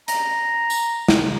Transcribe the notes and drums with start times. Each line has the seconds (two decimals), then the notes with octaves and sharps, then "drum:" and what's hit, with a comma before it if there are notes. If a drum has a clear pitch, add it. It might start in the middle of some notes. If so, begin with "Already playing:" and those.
0.08 A#5, drum: hi-hat
0.70 drum: tambourine
1.08 drum: snare